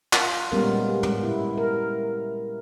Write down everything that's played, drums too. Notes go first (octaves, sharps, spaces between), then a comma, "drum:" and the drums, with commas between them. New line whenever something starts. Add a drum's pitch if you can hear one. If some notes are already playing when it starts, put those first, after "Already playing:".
F4, drum: clap
A#2 G3 G#3 B3 C#4 A#4
drum: tom
E4
A#4